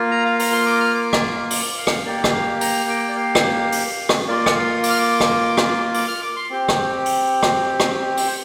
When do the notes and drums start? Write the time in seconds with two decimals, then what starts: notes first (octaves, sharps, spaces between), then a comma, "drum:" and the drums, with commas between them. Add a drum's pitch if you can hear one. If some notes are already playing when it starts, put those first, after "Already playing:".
Already playing: A#3 F4
0.11 A#5
0.25 F5
0.39 A#5, drum: open hi-hat
0.52 C6
0.66 D6
0.80 F6
0.95 D6
1.13 drum: rim click
1.50 D6, drum: open hi-hat
1.78 F5
1.87 drum: rim click
2.05 A#3 G4 D5
2.24 drum: rim click
2.33 F5
2.61 A#5, drum: open hi-hat
2.89 G5
3.09 D5
3.16 F5
3.35 drum: rim click
3.72 drum: open hi-hat
4.09 drum: rim click
4.28 A#3 F4 D5
4.46 drum: rim click
4.56 F5
4.83 D6, drum: open hi-hat
4.90 F6
4.98 D6
5.20 drum: rim click
5.57 drum: rim click
5.94 D6, drum: open hi-hat
6.08 F6
6.22 D6
6.36 C6
6.50 C4 G4
6.69 drum: rim click
7.06 drum: open hi-hat
7.43 drum: rim click
7.80 drum: rim click
8.17 C5, drum: open hi-hat